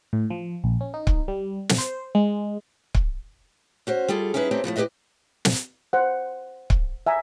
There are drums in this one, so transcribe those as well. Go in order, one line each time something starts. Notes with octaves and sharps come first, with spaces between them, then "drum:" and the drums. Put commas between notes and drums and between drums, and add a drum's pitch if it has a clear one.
A2
F3
A#1
C#4
D#4
drum: kick C#1
G3
drum: snare
C5
G#3
drum: kick C#1
C#4 F#4 C5
G3 F4 G#4 A4
C#4 D#4 E4 G#4 B4
A3 C4 C#4 D#4 E4 G4
A2 F3 F#3 A3
E4 G4 G#4 B4 D#5 E5
drum: snare
C5 F#5
drum: kick C#1
E5 G#5 A#5